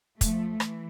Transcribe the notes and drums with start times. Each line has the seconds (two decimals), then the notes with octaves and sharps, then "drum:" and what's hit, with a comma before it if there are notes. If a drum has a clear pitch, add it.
0.21 F3 A3, drum: kick, hi-hat
0.60 E3, drum: rim click